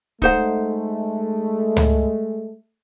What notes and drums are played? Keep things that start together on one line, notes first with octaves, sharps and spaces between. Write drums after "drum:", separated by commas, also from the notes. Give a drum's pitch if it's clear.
G#3 A3 D#4 C5 F#5, drum: kick C#1
drum: tom C#2